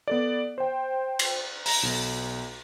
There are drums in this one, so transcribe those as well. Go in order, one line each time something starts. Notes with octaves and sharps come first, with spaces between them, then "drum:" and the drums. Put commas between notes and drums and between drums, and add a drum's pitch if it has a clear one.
B3 A4 D5
C5 G5
drum: cymbal
A#5 A#6, drum: open hi-hat
B1